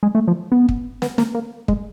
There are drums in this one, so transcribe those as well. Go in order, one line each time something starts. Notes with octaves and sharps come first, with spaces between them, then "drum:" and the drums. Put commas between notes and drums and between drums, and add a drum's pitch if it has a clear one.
G#3
A3
F3
B3
drum: kick
B3, drum: snare
A#3, drum: snare
A#3
G#3, drum: kick